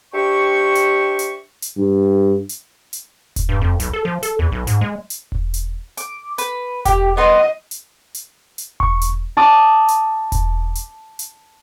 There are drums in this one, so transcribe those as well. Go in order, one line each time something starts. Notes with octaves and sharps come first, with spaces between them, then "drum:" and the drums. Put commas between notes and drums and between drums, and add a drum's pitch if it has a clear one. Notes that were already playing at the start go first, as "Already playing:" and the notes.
D4 G4 C5 E5 G5 C#6
drum: hi-hat
drum: hi-hat
drum: hi-hat
G2
drum: hi-hat
drum: hi-hat
drum: kick E1, hi-hat
G2
F2
B1, drum: hi-hat
A4
F3
A4, drum: hi-hat
E2
B1
G#2, drum: hi-hat
G#3
drum: hi-hat
drum: kick E1
drum: hi-hat
D6, drum: hi-hat
B4, drum: hi-hat
G4, drum: kick E1, hi-hat
B3 D#4 D#5 C6
drum: hi-hat
drum: hi-hat
drum: hi-hat
C#6, drum: kick E1
drum: hi-hat
A5 D6 D#6
drum: hi-hat
drum: kick E1, hi-hat
drum: hi-hat
drum: hi-hat